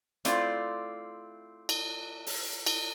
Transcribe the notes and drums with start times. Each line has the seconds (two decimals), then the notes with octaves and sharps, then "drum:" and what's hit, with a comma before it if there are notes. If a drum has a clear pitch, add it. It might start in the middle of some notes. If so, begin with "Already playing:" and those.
0.25 A3 C4 E4 F4 D5, drum: hi-hat
1.69 drum: cymbal
2.27 drum: open hi-hat
2.66 drum: cymbal